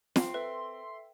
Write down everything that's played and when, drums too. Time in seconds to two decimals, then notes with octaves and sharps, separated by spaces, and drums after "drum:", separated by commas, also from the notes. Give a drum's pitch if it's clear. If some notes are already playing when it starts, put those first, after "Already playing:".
0.16 C4 C6, drum: snare
0.34 A4 B4 E5